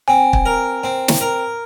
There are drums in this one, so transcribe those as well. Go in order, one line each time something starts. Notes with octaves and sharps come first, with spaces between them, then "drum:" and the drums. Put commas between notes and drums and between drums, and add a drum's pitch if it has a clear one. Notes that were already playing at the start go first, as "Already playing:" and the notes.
C4 G#5
drum: kick
A#4
C4
drum: snare
A#4